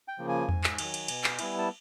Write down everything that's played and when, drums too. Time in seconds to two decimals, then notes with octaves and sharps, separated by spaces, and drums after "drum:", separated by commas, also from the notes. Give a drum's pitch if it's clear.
0.08 G5
0.19 C#3 F3 A#3
0.29 G#5
0.49 G#2, drum: tom E2
0.64 drum: clap
0.78 D#3 F#3, drum: cymbal
0.94 drum: cymbal
1.08 B2, drum: cymbal
1.24 drum: clap
1.39 G3 B3 E4, drum: cymbal
1.58 A5